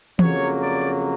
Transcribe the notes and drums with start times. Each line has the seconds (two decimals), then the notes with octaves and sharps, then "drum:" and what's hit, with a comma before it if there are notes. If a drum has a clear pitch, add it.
0.19 F2 C#3 F#3 A#3 C#5, drum: tom E3
0.60 D5